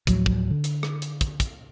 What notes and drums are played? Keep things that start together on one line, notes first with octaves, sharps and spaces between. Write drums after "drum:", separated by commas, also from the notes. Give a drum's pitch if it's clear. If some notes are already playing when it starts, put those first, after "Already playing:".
D2 A2 F3 F#3, drum: kick, hi-hat
drum: kick
D3
drum: hi-hat
drum: rim click
drum: hi-hat
drum: kick, hi-hat
drum: kick, hi-hat